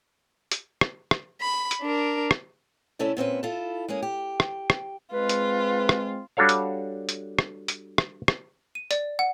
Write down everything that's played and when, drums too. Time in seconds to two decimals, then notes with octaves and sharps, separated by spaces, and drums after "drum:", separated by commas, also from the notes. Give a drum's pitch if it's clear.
0.51 drum: hi-hat
0.81 drum: rim click
1.11 drum: rim click
1.41 B5
1.71 drum: hi-hat
1.82 D4 A#4
2.31 drum: rim click
2.99 C3 A3 C#4 E4 A4 D5
3.17 A#2 C4 C#4 B4
3.43 E4 F4 A4
3.88 G#3 A#3 C#4 G#4
4.02 G4
4.40 drum: rim click
4.70 drum: rim click
5.13 G#3 C4 F4 B4
5.29 drum: hi-hat
5.89 drum: rim click
6.37 G3 D4 F#4 A4 C#5 F5
6.49 drum: hi-hat
7.09 drum: hi-hat
7.39 drum: rim click
7.68 drum: hi-hat
7.98 drum: rim click
8.28 drum: rim click
8.75 D#7
8.91 D5, drum: hi-hat
9.19 F#5